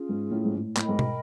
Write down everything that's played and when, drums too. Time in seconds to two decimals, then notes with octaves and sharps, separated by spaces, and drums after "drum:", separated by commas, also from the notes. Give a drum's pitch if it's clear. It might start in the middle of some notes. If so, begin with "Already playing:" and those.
Already playing: C#4 F4 G#4
0.09 G#2
0.31 A2
0.45 G#2
0.55 A2
0.77 A2 A#4 D#5 G5 B5, drum: clap
0.89 G#2
0.99 drum: tom B2